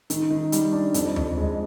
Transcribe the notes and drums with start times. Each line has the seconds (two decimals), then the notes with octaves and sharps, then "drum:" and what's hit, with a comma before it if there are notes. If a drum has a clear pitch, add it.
0.10 D#3, drum: hi-hat
0.30 D#3
0.52 G3, drum: hi-hat
0.73 D4
0.94 F2, drum: hi-hat
1.16 F2, drum: tom D#2
1.37 G#3